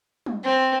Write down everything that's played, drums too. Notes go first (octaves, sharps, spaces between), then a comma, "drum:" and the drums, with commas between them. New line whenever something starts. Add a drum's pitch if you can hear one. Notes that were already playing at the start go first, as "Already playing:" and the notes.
drum: tom
C4